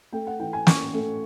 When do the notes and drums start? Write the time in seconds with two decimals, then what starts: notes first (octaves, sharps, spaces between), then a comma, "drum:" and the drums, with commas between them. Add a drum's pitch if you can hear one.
0.13 A3 G5
0.27 F#5
0.40 E3 G5
0.53 G#5
0.67 C#4 C#6, drum: snare
0.94 A3